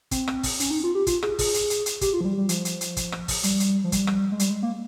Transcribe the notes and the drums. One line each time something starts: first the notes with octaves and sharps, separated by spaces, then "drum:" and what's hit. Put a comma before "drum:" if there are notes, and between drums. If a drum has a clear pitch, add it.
C4, drum: kick, hi-hat
drum: rim click
drum: kick, open hi-hat
C#4, drum: hi-hat
D#4
F4
G4
F4, drum: kick, hi-hat
G#4, drum: rim click
G#4, drum: kick, open hi-hat
drum: hi-hat
drum: hi-hat
drum: hi-hat
G4, drum: kick, hi-hat
F4
F3
G3
G3
F3, drum: hi-hat
drum: hi-hat
drum: hi-hat
drum: kick, hi-hat
drum: rim click
drum: kick, open hi-hat
G3, drum: hi-hat
drum: hi-hat
F3
G3, drum: kick, hi-hat
drum: rim click
G#3
G3, drum: hi-hat
G#3
A#3